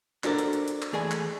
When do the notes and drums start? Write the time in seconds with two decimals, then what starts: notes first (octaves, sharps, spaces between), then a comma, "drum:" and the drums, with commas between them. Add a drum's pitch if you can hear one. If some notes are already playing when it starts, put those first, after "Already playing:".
0.24 D4 F#4 A4 A#4 C5 D5, drum: clap
0.38 drum: hi-hat
0.53 drum: hi-hat
0.68 drum: hi-hat
0.82 drum: clap
0.93 E3 A3 G#4 D5 G#5
1.11 drum: clap